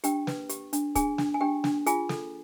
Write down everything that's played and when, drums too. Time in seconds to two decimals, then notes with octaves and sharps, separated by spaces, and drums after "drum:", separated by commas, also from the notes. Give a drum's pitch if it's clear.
0.04 D4 G4 G5, drum: hi-hat
0.27 B4, drum: snare
0.49 G4, drum: hi-hat
0.73 D4, drum: hi-hat
0.95 D4 G#4 G#5, drum: kick, hi-hat
1.18 D4, drum: snare
1.34 G#5
1.41 D4 G4 G5
1.64 D4, drum: snare
1.86 F4 G#4 G#5, drum: hi-hat
2.09 A4, drum: snare